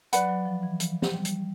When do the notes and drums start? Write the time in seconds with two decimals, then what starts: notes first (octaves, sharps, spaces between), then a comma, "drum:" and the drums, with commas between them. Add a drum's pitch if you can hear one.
0.13 F#3 B4 D5 F#5 B5, drum: hi-hat
0.29 F#3
0.46 F3
0.63 E3
0.80 F3, drum: hi-hat
1.02 drum: snare
1.14 G3
1.25 drum: hi-hat